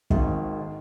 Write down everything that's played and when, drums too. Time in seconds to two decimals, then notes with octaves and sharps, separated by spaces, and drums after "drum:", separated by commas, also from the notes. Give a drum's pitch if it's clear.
0.10 G#1 G#2 D#3, drum: kick
0.61 D#3